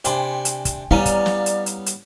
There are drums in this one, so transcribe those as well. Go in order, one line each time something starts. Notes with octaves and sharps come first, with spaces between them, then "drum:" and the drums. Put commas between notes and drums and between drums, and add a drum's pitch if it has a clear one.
C3 D4 G5 G#5 B5 C6, drum: hi-hat
drum: hi-hat
drum: kick, hi-hat
G3 B3 C#4 E4 D5 F5 A#5 D#7
drum: kick, hi-hat
drum: snare
drum: hi-hat
drum: hi-hat
drum: hi-hat